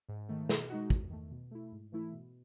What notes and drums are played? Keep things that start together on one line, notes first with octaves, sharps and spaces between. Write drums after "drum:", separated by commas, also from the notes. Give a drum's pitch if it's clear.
G#2
D#3 A3
B2, drum: snare
G#3 D#4 F#4
E2, drum: kick
D#3 A3
B2
A3 E4
G#2
E3 A3 E4
B2